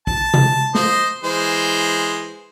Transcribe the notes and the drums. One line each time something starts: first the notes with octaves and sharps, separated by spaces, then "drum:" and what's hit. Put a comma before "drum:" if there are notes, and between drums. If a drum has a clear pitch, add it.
A5, drum: kick
drum: tom C3
C5 D#5, drum: snare
E3 G#3 C5